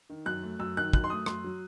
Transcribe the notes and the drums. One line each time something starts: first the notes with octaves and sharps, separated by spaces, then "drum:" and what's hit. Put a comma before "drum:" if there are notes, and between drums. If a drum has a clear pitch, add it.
D#3
F#2 F#6
A3
F#2 E6
D#3 F#6
F#2 F#6, drum: kick
C6
A3 D#6
F#2 C6, drum: rim click
F#3